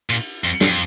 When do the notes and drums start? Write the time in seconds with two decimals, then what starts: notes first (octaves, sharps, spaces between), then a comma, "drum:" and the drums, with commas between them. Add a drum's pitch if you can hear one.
0.10 A#2, drum: cymbal
0.44 F2
0.61 F2, drum: snare